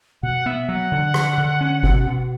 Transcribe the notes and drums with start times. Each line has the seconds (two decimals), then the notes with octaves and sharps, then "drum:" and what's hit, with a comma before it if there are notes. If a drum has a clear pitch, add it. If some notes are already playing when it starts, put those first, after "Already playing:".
0.23 B2 F#5
0.46 B3 E5
0.69 F#3 F#5
0.92 D3
1.14 D3, drum: rim click
1.38 D3
1.61 C#4
1.83 B2, drum: kick G1
2.07 B2